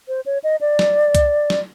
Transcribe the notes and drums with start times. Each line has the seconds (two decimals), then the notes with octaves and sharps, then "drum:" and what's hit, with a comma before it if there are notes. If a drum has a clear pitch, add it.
0.08 C5
0.26 C#5
0.44 D#5
0.61 D5
0.79 drum: snare
1.15 drum: kick C2, hi-hat
1.50 drum: snare